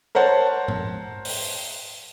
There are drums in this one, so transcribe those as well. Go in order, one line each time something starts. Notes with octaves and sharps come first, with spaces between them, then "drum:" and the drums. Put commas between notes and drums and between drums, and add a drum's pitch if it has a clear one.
A#4 C5 C#5 F#5 A5
drum: tom G#2
drum: open hi-hat